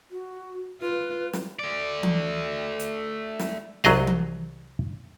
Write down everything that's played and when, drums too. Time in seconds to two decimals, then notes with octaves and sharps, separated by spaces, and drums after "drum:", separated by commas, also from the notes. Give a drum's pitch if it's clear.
0.11 F#4
0.81 F4 B4
1.33 drum: snare
1.59 A3 D5
2.03 drum: tom E3
2.79 drum: hi-hat
3.39 drum: snare
3.84 C2 F#3 G#4 D#5 F5, drum: snare
4.07 drum: tom E3